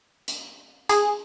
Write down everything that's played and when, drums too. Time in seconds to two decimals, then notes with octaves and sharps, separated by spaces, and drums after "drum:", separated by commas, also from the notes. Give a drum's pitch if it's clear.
0.28 drum: hi-hat
0.89 G#4, drum: hi-hat